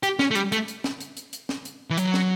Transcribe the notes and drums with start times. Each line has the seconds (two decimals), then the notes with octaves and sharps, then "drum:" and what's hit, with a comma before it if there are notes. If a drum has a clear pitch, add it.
0.03 G4, drum: hi-hat
0.19 C#4, drum: snare
0.31 A3
0.35 G3, drum: hi-hat
0.52 A3, drum: hi-hat
0.68 drum: hi-hat
0.84 drum: snare
1.00 drum: hi-hat
1.17 drum: hi-hat
1.33 drum: hi-hat
1.49 drum: snare
1.65 drum: hi-hat
1.90 E3
1.98 F#3, drum: hi-hat
2.14 drum: snare